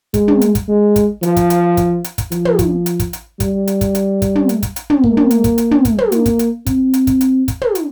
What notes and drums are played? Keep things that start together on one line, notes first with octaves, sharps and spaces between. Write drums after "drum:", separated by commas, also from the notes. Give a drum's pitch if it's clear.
G#3, drum: kick, hi-hat
drum: tom
drum: hi-hat
drum: kick, hi-hat
G#3
drum: kick, hi-hat
F3, drum: hi-hat
drum: kick, hi-hat
drum: hi-hat
drum: kick, hi-hat
drum: hi-hat
drum: kick, hi-hat
F3, drum: hi-hat
drum: tom
drum: kick, hi-hat
drum: hi-hat
drum: kick, hi-hat
drum: hi-hat
G3, drum: kick, hi-hat
drum: hi-hat
drum: kick, hi-hat
drum: hi-hat
drum: kick, hi-hat
drum: tom
drum: hi-hat
drum: kick, hi-hat
drum: hi-hat
drum: tom
A#3, drum: kick
drum: tom
drum: hi-hat
drum: kick, hi-hat
drum: hi-hat
drum: tom
drum: kick, hi-hat
drum: tom
A#3, drum: hi-hat
drum: kick, hi-hat
drum: hi-hat
C4, drum: kick, hi-hat
drum: hi-hat
drum: kick, hi-hat
drum: hi-hat
drum: kick, hi-hat
drum: tom
drum: hi-hat